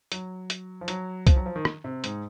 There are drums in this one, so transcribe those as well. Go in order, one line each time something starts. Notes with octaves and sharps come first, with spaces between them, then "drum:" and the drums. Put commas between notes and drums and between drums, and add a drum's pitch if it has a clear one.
F#3, drum: hi-hat
drum: hi-hat
F3
F#3, drum: hi-hat
F3, drum: kick, hi-hat
F#3
F3
D#3
drum: rim click
C3
G#2, drum: hi-hat